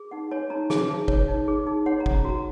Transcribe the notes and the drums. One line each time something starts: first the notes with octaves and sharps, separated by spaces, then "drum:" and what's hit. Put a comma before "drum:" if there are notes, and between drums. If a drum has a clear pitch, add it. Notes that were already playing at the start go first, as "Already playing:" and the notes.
Already playing: G#4
D#4 F#5
C#5 G#5
D#4 A#5
G#4 G#5, drum: snare
D#4
C#5, drum: kick
D#4
G#4
D#4
C#5 F#5
A#5
C#4, drum: kick
A#5
F#4 A#5